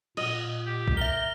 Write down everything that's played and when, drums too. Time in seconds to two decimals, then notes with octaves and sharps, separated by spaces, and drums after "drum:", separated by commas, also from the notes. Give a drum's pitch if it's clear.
0.17 A#2 D#5, drum: cymbal
0.67 G4
0.88 drum: kick
0.97 A#4 E5 G7